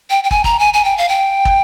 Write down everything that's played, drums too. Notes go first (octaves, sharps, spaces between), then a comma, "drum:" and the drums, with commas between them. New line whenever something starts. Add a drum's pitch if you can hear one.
G5
G5
G#5, drum: kick
A#5, drum: kick
G#5
G#5
G5
F5
G5
drum: kick